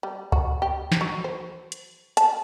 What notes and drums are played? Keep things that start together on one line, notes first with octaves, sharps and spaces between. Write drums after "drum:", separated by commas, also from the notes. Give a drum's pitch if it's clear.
G3
F#4, drum: kick C#2
G4
drum: snare
F#3
C5
drum: hi-hat
A5, drum: hi-hat